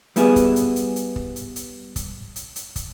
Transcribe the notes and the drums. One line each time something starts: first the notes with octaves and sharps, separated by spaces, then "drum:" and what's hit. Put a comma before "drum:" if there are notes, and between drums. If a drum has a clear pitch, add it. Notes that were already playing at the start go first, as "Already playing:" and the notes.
G3 B3 E4 G#4, drum: hi-hat
drum: kick, hi-hat
drum: hi-hat
drum: hi-hat
drum: hi-hat
drum: kick
drum: hi-hat
drum: hi-hat
drum: kick, hi-hat
drum: hi-hat
drum: hi-hat
drum: kick, hi-hat